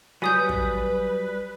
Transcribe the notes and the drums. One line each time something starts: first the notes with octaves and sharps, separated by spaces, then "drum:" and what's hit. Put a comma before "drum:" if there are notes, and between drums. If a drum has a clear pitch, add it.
F#3 G3 B4 G#5 D#6 G6
drum: kick